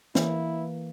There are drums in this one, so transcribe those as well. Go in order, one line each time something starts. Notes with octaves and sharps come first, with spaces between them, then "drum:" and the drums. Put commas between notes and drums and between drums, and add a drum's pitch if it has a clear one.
E3 A#3 E4, drum: snare